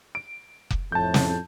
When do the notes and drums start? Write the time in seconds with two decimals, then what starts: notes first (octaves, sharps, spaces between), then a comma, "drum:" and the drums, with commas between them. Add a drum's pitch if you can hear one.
0.15 D7
0.71 drum: kick F1
0.92 F2 A2 A5 G6
1.14 drum: snare